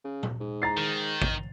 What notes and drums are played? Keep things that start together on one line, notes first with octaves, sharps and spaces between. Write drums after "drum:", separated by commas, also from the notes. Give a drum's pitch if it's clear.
C#3
drum: tom A#2
G#2
A#5 A6 C7
D#3
drum: kick A1